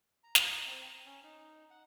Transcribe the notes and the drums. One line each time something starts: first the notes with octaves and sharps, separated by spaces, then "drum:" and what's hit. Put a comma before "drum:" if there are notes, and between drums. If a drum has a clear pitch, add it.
A#5
drum: snare
C4
A#5
C#4
D#4
F#5